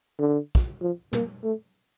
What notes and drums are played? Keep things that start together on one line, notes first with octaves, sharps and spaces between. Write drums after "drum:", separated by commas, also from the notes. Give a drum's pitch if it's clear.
D3
drum: kick
F3
A#3, drum: tom
A3